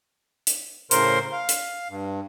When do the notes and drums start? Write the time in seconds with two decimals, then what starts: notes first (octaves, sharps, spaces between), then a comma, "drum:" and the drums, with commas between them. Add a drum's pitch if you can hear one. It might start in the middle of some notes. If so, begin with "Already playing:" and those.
0.47 drum: hi-hat
0.91 A2 C#3 A#4 C5 C6, drum: hi-hat
1.32 F5
1.49 drum: hi-hat
1.90 G2